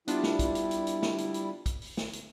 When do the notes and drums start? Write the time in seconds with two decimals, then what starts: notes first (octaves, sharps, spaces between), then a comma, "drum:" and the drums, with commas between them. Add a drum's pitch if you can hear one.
0.08 G3 B3 D4 E4 F4, drum: hi-hat
0.23 drum: snare
0.39 drum: kick, hi-hat
0.55 drum: hi-hat
0.71 drum: hi-hat
0.87 drum: hi-hat
1.02 drum: snare
1.18 drum: hi-hat
1.34 drum: hi-hat
1.66 drum: kick, hi-hat
1.82 drum: open hi-hat
1.97 drum: snare
2.13 drum: hi-hat